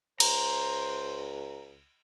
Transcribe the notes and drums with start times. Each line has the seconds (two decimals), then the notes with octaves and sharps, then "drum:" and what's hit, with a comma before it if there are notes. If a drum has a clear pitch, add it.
0.20 C#2 C5 A#5, drum: cymbal